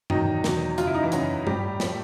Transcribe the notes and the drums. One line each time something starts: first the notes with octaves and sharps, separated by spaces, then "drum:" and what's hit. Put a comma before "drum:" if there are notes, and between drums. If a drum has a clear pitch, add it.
E2 B2 D#3 F#3 D#4, drum: tom G2
E2 B2 F#3, drum: snare
F#2 C#3 F#3 F4, drum: hi-hat
E4
D#4
E3 E4
F#2 C#3 F#3 F#4, drum: hi-hat
A2 F3 G3 G4, drum: tom G2
A2 F3, drum: snare